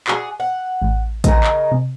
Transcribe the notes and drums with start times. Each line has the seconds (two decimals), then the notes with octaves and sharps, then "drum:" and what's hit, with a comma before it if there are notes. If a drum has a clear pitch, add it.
0.08 F#4 G#4 D5, drum: clap
0.40 F#5
0.82 A1
1.24 C#3 A#4 D#5, drum: kick, hi-hat
1.44 drum: clap
1.71 C3